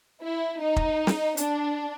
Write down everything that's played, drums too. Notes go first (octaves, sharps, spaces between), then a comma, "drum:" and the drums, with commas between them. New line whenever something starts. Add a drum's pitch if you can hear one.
E4
D#4
drum: kick
drum: snare
D4, drum: hi-hat